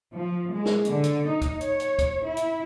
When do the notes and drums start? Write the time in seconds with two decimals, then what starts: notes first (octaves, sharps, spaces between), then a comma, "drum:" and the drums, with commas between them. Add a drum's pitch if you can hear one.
0.13 F3
0.51 G#3
0.66 drum: snare
0.85 D3, drum: hi-hat
1.04 drum: hi-hat
1.26 D#4
1.42 drum: kick, hi-hat
1.61 C#5, drum: hi-hat
1.80 drum: hi-hat
1.99 drum: kick, hi-hat
2.23 E4
2.37 drum: hi-hat